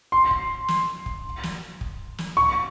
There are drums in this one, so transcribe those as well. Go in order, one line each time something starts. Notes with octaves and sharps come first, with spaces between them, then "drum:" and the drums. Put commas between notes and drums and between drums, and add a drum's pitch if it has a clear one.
C6
drum: kick
drum: snare
drum: kick
drum: snare
drum: kick
drum: snare
C#6